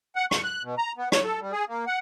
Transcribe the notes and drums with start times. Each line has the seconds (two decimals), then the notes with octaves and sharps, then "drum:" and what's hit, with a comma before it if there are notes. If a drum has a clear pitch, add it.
0.16 F#5
0.31 C#6, drum: rim click
0.44 F#6
0.63 B2
0.78 A#5
0.97 B3
1.12 C#5, drum: rim click
1.24 A4
1.40 G3
1.52 G#4
1.68 A#3
1.87 F#5